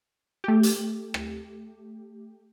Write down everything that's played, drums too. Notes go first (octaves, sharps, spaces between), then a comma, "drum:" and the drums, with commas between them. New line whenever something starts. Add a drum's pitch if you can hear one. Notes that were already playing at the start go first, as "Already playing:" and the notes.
A3 G4
drum: hi-hat
drum: rim click